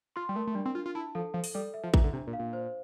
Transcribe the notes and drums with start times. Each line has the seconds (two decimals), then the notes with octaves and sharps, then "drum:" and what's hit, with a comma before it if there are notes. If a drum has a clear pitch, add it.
0.16 F4 C6
0.29 G3
0.35 A3 A#4
0.47 A3
0.55 G3 D4
0.66 C4
0.75 D4 F4
0.86 F4
0.95 E4 A5
1.15 F3 A4
1.34 F3 A4
1.44 drum: open hi-hat
1.54 G3 A4
1.74 E5
1.83 F3
1.94 E3 A#5, drum: kick A1
2.04 D3
2.13 C3 D4
2.27 A#2
2.33 F5
2.39 A#2
2.53 C5